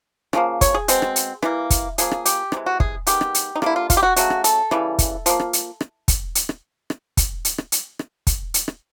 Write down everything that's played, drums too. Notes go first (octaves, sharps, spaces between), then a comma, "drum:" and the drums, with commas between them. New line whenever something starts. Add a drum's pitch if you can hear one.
C#3 F3 A#3, drum: rim click
C#5, drum: kick, hi-hat
G#4
B2 G#3 C4, drum: hi-hat
drum: rim click
drum: hi-hat
E3 G3 A#3, drum: rim click
drum: kick, hi-hat
C#3 F3 A#3 G#4, drum: hi-hat
drum: rim click
G4, drum: hi-hat
C3 E3 G#3, drum: rim click
F#4
G#4, drum: kick
D#3 G#3 B3 G4, drum: hi-hat
drum: rim click
drum: hi-hat
D#4
D3 G3 A#3 E4, drum: rim click
F4
F4, drum: kick, hi-hat
G4
F#4
C#3 F#3 A3 F#4, drum: hi-hat
drum: rim click
A4, drum: hi-hat
C#3 E3 G3, drum: rim click
drum: kick, hi-hat
F3 A#3, drum: hi-hat
drum: rim click
drum: hi-hat
drum: rim click
drum: kick, hi-hat
drum: hi-hat
drum: rim click
drum: rim click
drum: kick, hi-hat
drum: hi-hat
drum: rim click
drum: hi-hat
drum: rim click
drum: kick, hi-hat
drum: hi-hat
drum: rim click